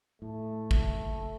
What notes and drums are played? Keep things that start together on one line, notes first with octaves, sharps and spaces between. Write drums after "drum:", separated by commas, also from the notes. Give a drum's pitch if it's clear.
A2 A3
F#1, drum: kick